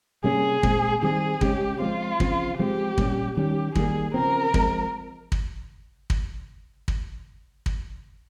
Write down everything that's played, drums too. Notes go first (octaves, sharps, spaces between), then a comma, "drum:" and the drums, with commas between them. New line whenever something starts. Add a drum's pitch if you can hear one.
C3 G3 A#3 C#4 G#4
A#2 G#3 C4, drum: kick
D#3 G3 C4 G#4
C#3 G#3 C#4 G4, drum: kick
F3 G#3 C4 F4
C#3 F3 C4, drum: kick
F3 G#3 C4 G4
A#2 G3 A#3 C#4, drum: kick
D#3 G3 C#4 G4
D#3 G3 A#3 G#4, drum: kick
C#3 F3 C4 A#4
F3 G#3 C4, drum: kick
drum: kick
drum: kick
drum: kick
drum: kick